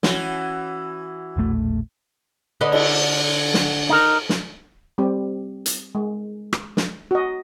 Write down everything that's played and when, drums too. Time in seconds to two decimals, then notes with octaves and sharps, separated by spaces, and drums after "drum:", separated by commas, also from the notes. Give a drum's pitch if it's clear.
0.03 E3 C#4 F#4, drum: snare
1.37 E1 A#1 A3
2.61 D3 B4 D#5
2.72 drum: cymbal
3.54 drum: snare
3.89 D#4 A#4
4.29 drum: snare
4.98 G3 C4 G4
5.66 drum: hi-hat
5.95 G#3
6.53 drum: rim click
6.77 drum: snare
7.11 F#4 D#5